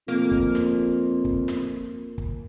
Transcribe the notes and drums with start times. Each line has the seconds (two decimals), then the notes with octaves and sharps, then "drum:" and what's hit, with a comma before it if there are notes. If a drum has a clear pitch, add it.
0.08 F2 A#3
0.31 drum: kick
0.55 drum: snare
1.25 drum: kick
1.48 drum: snare
2.18 drum: kick